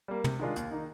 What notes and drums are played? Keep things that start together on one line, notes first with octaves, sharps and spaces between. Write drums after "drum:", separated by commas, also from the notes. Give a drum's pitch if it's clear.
G3 A#3
C3, drum: tom
D#3 G#3 D4 F4
D#2, drum: hi-hat
D#3 A#3 D#4